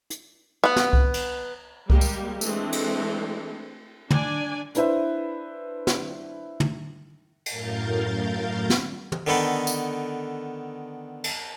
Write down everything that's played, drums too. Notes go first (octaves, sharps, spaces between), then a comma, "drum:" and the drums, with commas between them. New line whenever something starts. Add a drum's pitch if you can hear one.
drum: hi-hat
B3 F#5
drum: snare
drum: kick C2
drum: cymbal
G3 G#3 A#3 G4, drum: kick C2
drum: tambourine
E3 G#3 A3 C4 D4, drum: tambourine
drum: cymbal
D4 D5 G#5, drum: tom
D4 E4 B4 C5 E5, drum: hi-hat
drum: snare
drum: tom
F#2 A2 A#4 F5 G6 A6, drum: cymbal
drum: snare
drum: tom
D3 D#3 B3 D#4 A4 B4
drum: tambourine
drum: cymbal